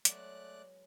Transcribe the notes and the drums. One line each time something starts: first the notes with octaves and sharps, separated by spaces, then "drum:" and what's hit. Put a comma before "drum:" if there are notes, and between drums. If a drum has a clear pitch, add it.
F#3 G#3 A3 B3 D5 F#6, drum: hi-hat